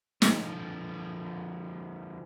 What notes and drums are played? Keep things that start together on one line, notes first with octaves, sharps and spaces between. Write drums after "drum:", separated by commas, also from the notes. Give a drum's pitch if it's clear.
D3 F3, drum: snare